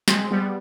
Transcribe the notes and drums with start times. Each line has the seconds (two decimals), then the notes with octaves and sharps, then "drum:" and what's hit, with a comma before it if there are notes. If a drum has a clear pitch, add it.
0.08 G#3 C4, drum: snare
0.31 G3 B3